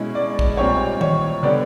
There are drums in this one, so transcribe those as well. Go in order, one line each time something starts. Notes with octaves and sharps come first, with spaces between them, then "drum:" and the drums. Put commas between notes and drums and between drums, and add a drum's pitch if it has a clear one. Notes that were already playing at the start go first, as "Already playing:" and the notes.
Already playing: B2 G#3 C#4 E4
D5
drum: kick A#1
A#2 G3 C4 D#4 C#5
C#5, drum: tom D#3
D3 G3 B3 D4 D5